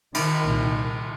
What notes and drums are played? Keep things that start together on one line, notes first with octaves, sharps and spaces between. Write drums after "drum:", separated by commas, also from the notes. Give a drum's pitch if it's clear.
D#3, drum: cymbal
C2 A#2